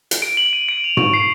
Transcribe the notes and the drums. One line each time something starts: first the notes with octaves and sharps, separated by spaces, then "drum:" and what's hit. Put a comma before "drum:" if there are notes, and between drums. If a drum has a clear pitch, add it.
drum: hi-hat
D7
F#7
D#7
D7
F7
C#6, drum: tom G#2
C7